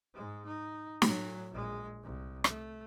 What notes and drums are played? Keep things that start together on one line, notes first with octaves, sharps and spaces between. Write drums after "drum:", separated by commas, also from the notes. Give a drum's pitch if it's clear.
G#2 G#3
D#4
A2 F#3, drum: snare
A#1 G#3
C2
A3, drum: rim click